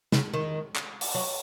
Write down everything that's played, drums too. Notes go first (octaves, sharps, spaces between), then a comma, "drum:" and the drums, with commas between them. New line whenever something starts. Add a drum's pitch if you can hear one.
C#3, drum: snare
D#3
drum: clap
drum: open hi-hat
F#3